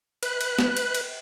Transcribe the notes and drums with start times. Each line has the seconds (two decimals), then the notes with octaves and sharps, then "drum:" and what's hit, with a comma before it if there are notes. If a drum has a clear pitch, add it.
0.23 B4 F#6, drum: cymbal
0.41 drum: cymbal
0.59 drum: snare
0.77 drum: cymbal
0.94 drum: cymbal